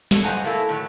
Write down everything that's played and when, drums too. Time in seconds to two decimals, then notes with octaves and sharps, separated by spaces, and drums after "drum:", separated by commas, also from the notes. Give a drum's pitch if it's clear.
0.11 D4 A4 C#5, drum: snare
0.24 G2 C5 D#5 F#5 G#5 A#5
0.44 A3 A#3 E4 F4 A4
0.69 A2 D#3 F#3 A3